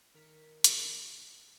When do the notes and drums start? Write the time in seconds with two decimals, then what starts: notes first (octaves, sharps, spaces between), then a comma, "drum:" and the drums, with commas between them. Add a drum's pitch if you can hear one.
0.14 D#3 A#4 B6 C#7
0.64 drum: hi-hat